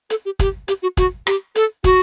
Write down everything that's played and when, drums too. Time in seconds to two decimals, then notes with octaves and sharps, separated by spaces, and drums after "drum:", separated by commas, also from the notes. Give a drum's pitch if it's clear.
0.10 A4, drum: hi-hat
0.25 G4
0.39 G4, drum: kick, hi-hat
0.68 G4, drum: hi-hat
0.82 F#4
0.97 F#4, drum: kick, hi-hat
1.27 G4, drum: rim click
1.55 A4, drum: hi-hat
1.84 F#4, drum: kick, hi-hat